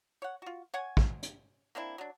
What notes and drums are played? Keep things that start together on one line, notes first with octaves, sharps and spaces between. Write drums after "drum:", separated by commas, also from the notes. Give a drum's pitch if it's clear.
C#5 F#5
F4 F#4
C#5 F#5 G#5
drum: kick
drum: hi-hat
A#3 C4 D4 E4
F#3 D4